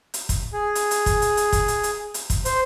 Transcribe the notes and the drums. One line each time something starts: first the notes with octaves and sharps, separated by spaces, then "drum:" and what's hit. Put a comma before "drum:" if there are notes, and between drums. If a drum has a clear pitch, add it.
drum: hi-hat
drum: kick, hi-hat
G#4
drum: hi-hat
drum: hi-hat
drum: kick, hi-hat
drum: hi-hat
drum: hi-hat
drum: kick, hi-hat
drum: hi-hat
drum: hi-hat
drum: hi-hat
drum: kick, hi-hat
C5, drum: hi-hat